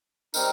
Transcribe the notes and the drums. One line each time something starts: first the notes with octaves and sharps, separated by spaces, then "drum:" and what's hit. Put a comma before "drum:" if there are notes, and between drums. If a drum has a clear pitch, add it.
G3 C4 D#4 A#4, drum: tambourine